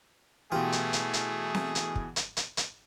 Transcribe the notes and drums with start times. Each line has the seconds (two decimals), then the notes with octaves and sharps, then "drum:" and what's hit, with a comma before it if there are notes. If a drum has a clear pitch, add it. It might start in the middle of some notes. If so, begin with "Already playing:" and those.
0.52 B2 E3 A3 F4 G4 G#4
0.72 drum: hi-hat
0.93 drum: hi-hat
1.13 drum: hi-hat
1.54 drum: snare C4
1.75 drum: hi-hat
1.96 drum: kick
2.16 drum: hi-hat
2.37 drum: hi-hat
2.57 drum: hi-hat